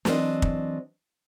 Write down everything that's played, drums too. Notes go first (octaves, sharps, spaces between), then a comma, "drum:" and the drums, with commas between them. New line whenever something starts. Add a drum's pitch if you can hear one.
E3 F#3 C4 D4 D#5, drum: snare
drum: kick